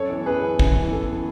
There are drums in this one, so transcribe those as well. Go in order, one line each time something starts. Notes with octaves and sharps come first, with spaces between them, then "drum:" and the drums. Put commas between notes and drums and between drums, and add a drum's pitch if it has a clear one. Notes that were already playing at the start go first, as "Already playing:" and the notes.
Already playing: F#2 A4 C#5
E3 B3
F#2 G#4 B4
E3 B3
F#2, drum: kick
E3 B3
F#2 A4
E3 B3